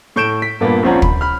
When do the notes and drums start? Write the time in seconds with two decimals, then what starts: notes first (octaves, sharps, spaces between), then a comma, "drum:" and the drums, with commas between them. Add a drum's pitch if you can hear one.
0.16 A2 C#6 G6 D7 E7
0.42 B6
0.61 G2 A#2 A#3 B3
0.83 A#1 F3 C4 C#4 F#5 A#5
1.02 B5, drum: kick
1.21 B5 F6